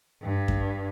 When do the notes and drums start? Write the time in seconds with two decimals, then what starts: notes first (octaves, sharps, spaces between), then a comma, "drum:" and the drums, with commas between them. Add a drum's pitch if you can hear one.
0.22 G2
0.48 drum: kick F#2